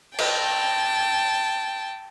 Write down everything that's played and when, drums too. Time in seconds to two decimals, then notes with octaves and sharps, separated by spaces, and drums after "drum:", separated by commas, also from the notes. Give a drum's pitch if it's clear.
0.19 G5 A5, drum: cymbal